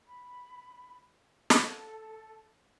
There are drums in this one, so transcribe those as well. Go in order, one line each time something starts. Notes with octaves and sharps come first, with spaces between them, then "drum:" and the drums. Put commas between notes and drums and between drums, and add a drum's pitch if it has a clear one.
B5
A4, drum: snare